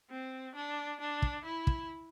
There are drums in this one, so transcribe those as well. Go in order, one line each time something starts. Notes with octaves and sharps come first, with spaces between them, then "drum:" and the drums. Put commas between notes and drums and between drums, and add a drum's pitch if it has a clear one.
C4
D4
D4
drum: kick
E4
drum: kick